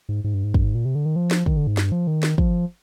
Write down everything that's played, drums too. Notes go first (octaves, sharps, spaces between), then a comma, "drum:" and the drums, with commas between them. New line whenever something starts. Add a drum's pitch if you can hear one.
G#2
G#2
G2
G#2
G2, drum: kick
G#2
A#2
C3
D3
D#3
F3
drum: snare
D#3, drum: kick
D3
G#2
G2, drum: snare
F3
D#3
drum: snare
F3, drum: kick